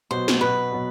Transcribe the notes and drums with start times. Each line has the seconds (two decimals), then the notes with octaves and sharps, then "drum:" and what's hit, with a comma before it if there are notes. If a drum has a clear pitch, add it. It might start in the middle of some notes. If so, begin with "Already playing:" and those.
0.11 B2 F#3 B3 C5
0.28 drum: snare
0.41 B2 F#3 B3 B4
0.72 B2 F#3 B3